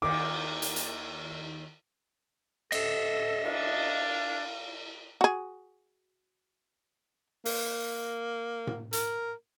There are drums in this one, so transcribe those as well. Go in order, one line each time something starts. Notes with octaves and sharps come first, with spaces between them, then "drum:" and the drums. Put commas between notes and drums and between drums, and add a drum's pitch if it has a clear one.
D#2 D#3 D6, drum: cymbal
drum: hi-hat
drum: hi-hat
A4 D#5 E5, drum: cymbal
D4 F5, drum: cymbal
F#4 G#4
A#3, drum: open hi-hat
drum: tom A2
A#4, drum: hi-hat